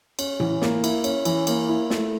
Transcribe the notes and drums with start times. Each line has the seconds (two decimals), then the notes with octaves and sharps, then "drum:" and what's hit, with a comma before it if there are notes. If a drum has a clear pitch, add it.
0.19 C#4, drum: cymbal
0.40 E3, drum: tom A2
0.62 A#3, drum: snare
0.84 E4, drum: cymbal
1.04 C#4, drum: cymbal
1.25 E3, drum: cymbal
1.47 A#3, drum: cymbal
1.69 E4
1.90 A3, drum: snare